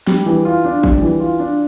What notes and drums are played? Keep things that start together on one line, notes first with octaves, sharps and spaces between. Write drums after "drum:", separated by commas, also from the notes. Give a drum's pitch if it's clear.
G3, drum: snare
E3
F4
D4
G3, drum: kick
E3
F4
D4